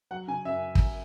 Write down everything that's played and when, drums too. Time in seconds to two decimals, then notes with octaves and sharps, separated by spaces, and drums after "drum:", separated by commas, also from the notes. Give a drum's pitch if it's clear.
0.11 F#3 F#5
0.28 C#3 G#5
0.45 F#2 E5
0.75 drum: kick